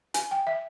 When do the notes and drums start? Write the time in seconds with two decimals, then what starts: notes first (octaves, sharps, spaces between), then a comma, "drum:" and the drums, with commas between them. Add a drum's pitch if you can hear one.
0.14 G#5, drum: hi-hat
0.31 G5
0.47 E5